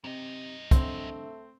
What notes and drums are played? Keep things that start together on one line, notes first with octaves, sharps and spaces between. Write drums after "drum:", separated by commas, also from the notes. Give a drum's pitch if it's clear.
F#2 C3 D#5
C2 D3 A3 C4, drum: kick, hi-hat